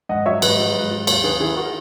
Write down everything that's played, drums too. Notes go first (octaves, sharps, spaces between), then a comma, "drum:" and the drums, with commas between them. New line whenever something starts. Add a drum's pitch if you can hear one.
G#2 D#5 F#5
F#3 C#5 E5
G#2 B4 D#5, drum: cymbal
F#3
G#2
F#3
D#2 A#4 C#5, drum: cymbal
D#3 G#4 B4
D#3 E4 G#4
F#4 A#4